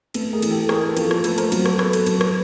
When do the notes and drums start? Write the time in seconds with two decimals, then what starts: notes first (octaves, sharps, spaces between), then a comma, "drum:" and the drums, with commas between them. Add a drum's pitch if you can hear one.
0.14 A3 A4 B4, drum: cymbal
0.33 G#4 A#4
0.42 E3, drum: cymbal
0.51 G4 A4
0.69 A#3 G#4 A#4, drum: rim click
0.88 A4 B4
0.97 F3, drum: cymbal
1.11 drum: rim click
1.24 A3 A4 B4, drum: cymbal
1.38 A#4 C5, drum: cymbal
1.52 F#3, drum: cymbal
1.66 A4 B4, drum: rim click
1.79 B3 A4 B4, drum: rim click
1.93 drum: cymbal
2.06 F#3, drum: cymbal
2.21 drum: rim click